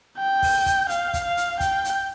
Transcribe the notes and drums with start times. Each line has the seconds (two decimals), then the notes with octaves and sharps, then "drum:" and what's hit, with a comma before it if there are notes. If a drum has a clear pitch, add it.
0.19 G5
0.42 drum: kick, open hi-hat
0.66 drum: kick, hi-hat
0.89 F5, drum: hi-hat
1.13 drum: kick, hi-hat
1.25 F5
1.37 drum: hi-hat
1.60 G5, drum: kick, hi-hat
1.85 drum: hi-hat